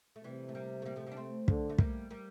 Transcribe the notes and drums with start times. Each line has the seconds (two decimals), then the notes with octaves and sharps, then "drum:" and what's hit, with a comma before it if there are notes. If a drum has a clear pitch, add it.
0.16 A3
0.24 C3 E3 G3
0.49 A3
0.55 G3 A#3
0.82 A3
0.85 G3 A#3
0.96 F3 A3
1.07 G3 A#3
1.12 D4
1.17 A3 C4
1.48 D3, drum: kick
1.70 A3
1.78 G3 A#3, drum: kick
2.10 G3 A#3